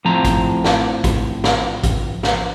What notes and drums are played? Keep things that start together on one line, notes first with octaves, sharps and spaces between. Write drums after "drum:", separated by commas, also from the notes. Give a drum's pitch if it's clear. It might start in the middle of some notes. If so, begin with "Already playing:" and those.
A2 F3 C4 A#5
drum: kick A1, hi-hat
drum: snare
drum: kick A1, hi-hat
drum: snare
drum: kick A1, hi-hat
drum: snare